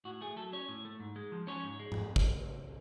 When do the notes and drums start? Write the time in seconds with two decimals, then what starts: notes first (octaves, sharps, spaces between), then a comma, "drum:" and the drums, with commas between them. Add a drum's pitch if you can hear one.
0.05 A2 F#4
0.21 A3 G#4
0.36 F#3 A4
0.53 C#4 C#5
0.68 A2
0.85 A3
1.00 G#2
1.16 G#3
1.32 F3
1.47 C#4 C#5
1.64 G#2
1.80 G#3
1.92 drum: tom G#2
2.16 drum: kick